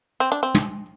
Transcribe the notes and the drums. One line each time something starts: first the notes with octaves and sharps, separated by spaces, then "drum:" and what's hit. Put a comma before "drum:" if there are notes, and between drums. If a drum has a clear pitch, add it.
C4
D4
C4
drum: tom